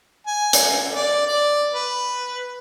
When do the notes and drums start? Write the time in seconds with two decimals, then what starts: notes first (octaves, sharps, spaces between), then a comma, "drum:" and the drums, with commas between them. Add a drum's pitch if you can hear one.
0.27 G#5
0.53 drum: hi-hat
0.95 D5
1.27 D5
1.73 B4